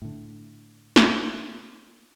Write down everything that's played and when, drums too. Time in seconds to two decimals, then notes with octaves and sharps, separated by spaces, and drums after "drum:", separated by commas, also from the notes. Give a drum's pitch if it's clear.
0.02 A2 D3
0.96 drum: snare